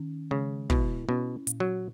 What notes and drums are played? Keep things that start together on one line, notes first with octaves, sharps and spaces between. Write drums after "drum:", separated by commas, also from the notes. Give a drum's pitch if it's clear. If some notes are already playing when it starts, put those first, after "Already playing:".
Already playing: D#3 C#4
C#3 G#3
B2 E4, drum: kick
B2 C#4
A#2, drum: hi-hat
F#3